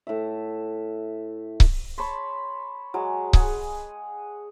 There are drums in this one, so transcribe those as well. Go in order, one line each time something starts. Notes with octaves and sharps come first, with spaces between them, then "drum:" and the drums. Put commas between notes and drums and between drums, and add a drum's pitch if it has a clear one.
A2 E5
drum: kick C#1
C#5 A5 B5 C6
F#3 G#3
G#4 F#5, drum: kick C#1